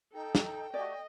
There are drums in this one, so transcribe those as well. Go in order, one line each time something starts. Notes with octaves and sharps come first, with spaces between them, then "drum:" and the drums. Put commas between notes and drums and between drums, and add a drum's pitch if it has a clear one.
D#4 A4 G5
drum: snare
A3 F#4 G4 D5 D#5